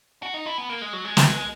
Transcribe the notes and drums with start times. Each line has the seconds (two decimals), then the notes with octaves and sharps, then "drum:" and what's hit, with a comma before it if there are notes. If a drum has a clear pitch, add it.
0.23 F#4
0.34 D#4
0.46 E4
0.58 B3
0.69 A#3
0.82 G#3
0.93 F#3
1.05 G#3
1.17 F#3, drum: snare
1.33 G#3